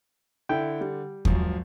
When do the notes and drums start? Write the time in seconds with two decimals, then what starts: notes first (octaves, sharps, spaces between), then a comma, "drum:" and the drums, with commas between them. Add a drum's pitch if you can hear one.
0.49 D3 E4 G5
0.81 G3
1.25 G#1 F#2 F3, drum: kick